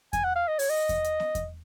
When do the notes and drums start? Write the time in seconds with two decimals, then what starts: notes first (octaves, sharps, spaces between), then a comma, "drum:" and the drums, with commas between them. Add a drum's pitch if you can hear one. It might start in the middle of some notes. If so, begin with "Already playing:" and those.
0.13 G#5, drum: kick E2, hi-hat
0.24 F#5
0.35 F5
0.48 D#5
0.59 C#5, drum: open hi-hat
0.70 D#5
0.89 drum: kick E2, hi-hat
1.04 drum: hi-hat
1.20 drum: snare B3
1.35 drum: kick E2, hi-hat